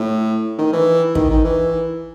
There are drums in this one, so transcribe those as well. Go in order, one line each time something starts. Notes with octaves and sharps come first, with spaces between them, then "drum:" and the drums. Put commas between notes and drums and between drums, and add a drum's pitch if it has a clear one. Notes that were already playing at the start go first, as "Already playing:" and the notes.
Already playing: A2
D#3
E3
D#3, drum: kick
D#3
E3